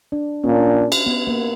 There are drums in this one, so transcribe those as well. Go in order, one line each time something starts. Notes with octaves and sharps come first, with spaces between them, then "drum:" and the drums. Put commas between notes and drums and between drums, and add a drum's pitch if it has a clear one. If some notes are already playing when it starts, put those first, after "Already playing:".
D4
A#2 A#3 C#4 D4
drum: cymbal
B3
A#3